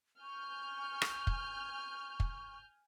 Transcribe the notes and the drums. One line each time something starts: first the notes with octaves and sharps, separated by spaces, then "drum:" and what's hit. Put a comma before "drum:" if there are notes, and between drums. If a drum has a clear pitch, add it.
G#5 C#6 F6 G6
drum: rim click
drum: kick
drum: kick